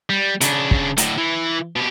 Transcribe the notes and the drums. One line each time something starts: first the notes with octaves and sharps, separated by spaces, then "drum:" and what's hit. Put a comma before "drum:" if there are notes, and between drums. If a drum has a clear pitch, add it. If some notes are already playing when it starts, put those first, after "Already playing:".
G3
C#3 D4, drum: hi-hat
drum: kick
A2 D3, drum: hi-hat
E3
B2 G4